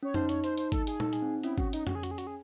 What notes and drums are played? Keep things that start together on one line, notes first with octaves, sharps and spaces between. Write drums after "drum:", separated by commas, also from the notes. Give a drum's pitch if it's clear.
C#4 C#5
D#4 C5, drum: tom F2
C#5, drum: hi-hat
C5, drum: hi-hat
C5, drum: hi-hat
A4, drum: kick G#1, hi-hat
G#4, drum: hi-hat
D#4 A4, drum: tom A#2
G#4, drum: hi-hat
C4
C#4 E4, drum: hi-hat
F#4, drum: kick G#1
D#4, drum: hi-hat
F#4, drum: tom F2
G#4
F#4, drum: hi-hat
G#4
F#4, drum: hi-hat
G#4